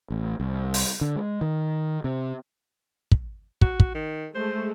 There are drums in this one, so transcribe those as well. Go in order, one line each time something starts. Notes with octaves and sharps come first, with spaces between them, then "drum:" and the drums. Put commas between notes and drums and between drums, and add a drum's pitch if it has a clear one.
A1
C2
drum: open hi-hat
D3
G#3
D#3
C3
drum: kick
F#4, drum: kick
drum: kick
D#3
G#3 A3 C5